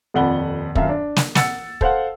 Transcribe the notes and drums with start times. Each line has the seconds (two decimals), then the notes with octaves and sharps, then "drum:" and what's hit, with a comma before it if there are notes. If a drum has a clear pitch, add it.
0.14 D#1 F2 D5 F#5 B5 G7
0.75 D#1 F#2 E5 F5, drum: kick
0.89 D4
1.16 drum: snare
1.35 F#5 E6 A6 C#7, drum: snare
1.81 A4 C5 F5 F#5, drum: kick